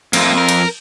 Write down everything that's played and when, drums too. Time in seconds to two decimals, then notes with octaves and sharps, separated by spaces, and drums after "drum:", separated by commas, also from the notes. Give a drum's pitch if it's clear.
0.13 F2 A3 A#3 F4, drum: cymbal
0.38 A#4
0.49 drum: cymbal